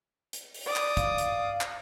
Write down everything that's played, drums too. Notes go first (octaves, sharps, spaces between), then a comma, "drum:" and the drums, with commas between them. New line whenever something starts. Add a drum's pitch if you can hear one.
drum: hi-hat
drum: open hi-hat
D5 D#6
drum: clap
F5, drum: kick, hi-hat
drum: hi-hat
drum: clap